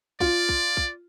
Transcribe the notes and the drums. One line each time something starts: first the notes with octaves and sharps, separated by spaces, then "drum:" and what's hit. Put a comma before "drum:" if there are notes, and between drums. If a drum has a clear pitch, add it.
F4 D5, drum: kick
drum: kick
drum: kick